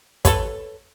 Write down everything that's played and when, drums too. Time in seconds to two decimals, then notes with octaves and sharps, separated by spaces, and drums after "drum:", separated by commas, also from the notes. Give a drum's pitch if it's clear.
0.25 A4 B4 C#5, drum: kick, hi-hat